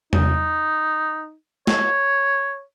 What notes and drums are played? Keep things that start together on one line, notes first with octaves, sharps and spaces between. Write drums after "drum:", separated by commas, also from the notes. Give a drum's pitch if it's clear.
D#4, drum: tom E2
C#5, drum: snare